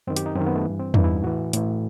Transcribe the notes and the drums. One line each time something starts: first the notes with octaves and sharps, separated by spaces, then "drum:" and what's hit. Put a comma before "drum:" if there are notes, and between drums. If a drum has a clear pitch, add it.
F#2 D#3 C4
G4, drum: hi-hat
D#4
F#2 D#3 C4
B3
A3
G2 E3
C4
G2 E3 D#4, drum: tom E2
E4
A2 E3 F#4
A2 E3, drum: hi-hat